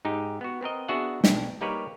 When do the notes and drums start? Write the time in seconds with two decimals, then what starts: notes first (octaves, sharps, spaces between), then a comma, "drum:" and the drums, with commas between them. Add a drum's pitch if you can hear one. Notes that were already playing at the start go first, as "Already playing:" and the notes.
0.05 G#2 D#4 G4
0.41 B3 F#4
0.61 B3 C4 A#4 D#5
0.88 B3 D4 F#4 G#4 E5 F#5
1.24 B1 D4 G5, drum: snare
1.61 G3 A#3 D#4 G4 B4 C#5